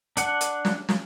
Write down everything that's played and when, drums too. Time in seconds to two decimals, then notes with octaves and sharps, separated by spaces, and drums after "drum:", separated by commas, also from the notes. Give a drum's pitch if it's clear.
0.17 D4 F#5, drum: hi-hat
0.41 drum: hi-hat
0.65 drum: snare
0.89 drum: snare